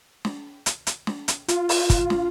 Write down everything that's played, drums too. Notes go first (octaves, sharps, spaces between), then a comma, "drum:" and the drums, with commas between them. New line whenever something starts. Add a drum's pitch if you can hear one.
drum: snare
drum: hi-hat
drum: hi-hat
drum: snare
drum: hi-hat
F4, drum: hi-hat
drum: open hi-hat
drum: kick, hi-hat
drum: snare